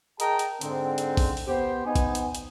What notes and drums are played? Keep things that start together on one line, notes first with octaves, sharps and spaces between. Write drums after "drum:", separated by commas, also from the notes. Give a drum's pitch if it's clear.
G#4 A#4 D#5 G5 A5 A#5, drum: hi-hat
drum: hi-hat
G#2 D3 C4, drum: hi-hat
drum: hi-hat
drum: kick A1, open hi-hat
drum: open hi-hat
B3 G4 C5
B3 D#4 G#5
drum: kick A1, hi-hat
drum: hi-hat
drum: hi-hat